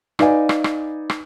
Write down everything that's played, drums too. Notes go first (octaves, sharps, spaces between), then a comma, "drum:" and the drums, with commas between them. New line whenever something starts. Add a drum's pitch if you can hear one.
D#4 B4 D5 F5 G#5, drum: rim click
drum: rim click
drum: rim click
drum: rim click